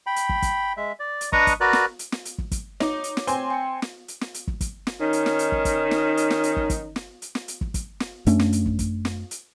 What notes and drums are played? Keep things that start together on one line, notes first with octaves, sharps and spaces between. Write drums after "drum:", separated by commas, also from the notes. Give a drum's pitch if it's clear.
G5 B5
drum: hi-hat
drum: kick
drum: kick, hi-hat
G#3 E5
D5
drum: hi-hat
D4 B4 D#5 A#5 C#6 D#6, drum: kick
drum: kick, hi-hat
F#4 A#4 B4 D5 F#6
drum: snare
drum: hi-hat
drum: snare
drum: hi-hat
drum: kick
drum: kick, hi-hat
D#4 C#5 D6, drum: snare
drum: hi-hat
drum: snare
C4 G#5 C6, drum: hi-hat
G5 C#7
drum: snare
drum: hi-hat
drum: snare
drum: hi-hat
drum: kick
drum: kick, hi-hat
drum: snare
D#3 C#4 D#4
drum: hi-hat
drum: snare
drum: hi-hat
drum: kick
drum: kick, hi-hat
drum: snare
drum: hi-hat
drum: snare
drum: hi-hat
drum: kick
drum: kick, hi-hat
drum: snare
drum: hi-hat
drum: snare
drum: hi-hat
drum: kick
drum: kick, hi-hat
drum: snare
F#2 A3 C#4 D4, drum: hi-hat
drum: snare
drum: hi-hat
drum: kick
drum: kick, hi-hat
drum: snare
drum: hi-hat